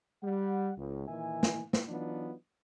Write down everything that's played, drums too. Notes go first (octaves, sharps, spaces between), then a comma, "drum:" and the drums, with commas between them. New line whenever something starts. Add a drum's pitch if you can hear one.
G3 F#5
C#2
A#2 D#3 E3 E5 G#5
drum: snare
drum: snare
E3 F#3 B3 D4 D#4 F4